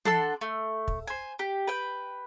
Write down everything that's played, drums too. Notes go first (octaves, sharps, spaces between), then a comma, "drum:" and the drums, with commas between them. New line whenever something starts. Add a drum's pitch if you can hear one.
D4 A4 F#5 C6, drum: tom
A3
drum: kick
C5 G#5
G4
B4 G5